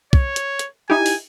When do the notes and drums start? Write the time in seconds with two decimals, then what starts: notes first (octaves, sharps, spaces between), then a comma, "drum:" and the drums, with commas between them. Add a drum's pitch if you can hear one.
0.13 C#5, drum: kick
0.36 drum: hi-hat
0.59 drum: hi-hat
0.90 D#4 E4 G4 G#5
1.06 drum: open hi-hat